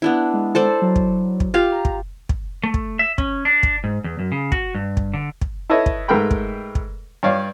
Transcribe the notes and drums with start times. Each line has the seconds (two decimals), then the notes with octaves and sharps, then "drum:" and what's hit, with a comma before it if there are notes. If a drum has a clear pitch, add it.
0.02 B3 D4 E4
0.34 G#3
0.55 A4 C5 D5
0.82 F#3
0.96 drum: kick
1.40 drum: kick
1.54 F4 G4 F5
1.72 A#5
1.85 drum: kick
2.29 drum: kick
2.64 A3
2.74 drum: kick
2.99 E5
3.18 C#4, drum: kick
3.45 D4
3.63 drum: kick
3.84 G#2
4.04 E2
4.19 F#2
4.32 C#3
4.52 F#4, drum: kick
4.75 G2
4.97 drum: kick
5.14 D3
5.41 drum: kick
5.70 E4 A4 B4 C#5 D#5 E5
5.86 drum: kick
6.08 G#2 A3 A#4 B4 G5 B5
6.31 drum: kick
6.75 drum: kick
7.23 G2 C#5 D5 F5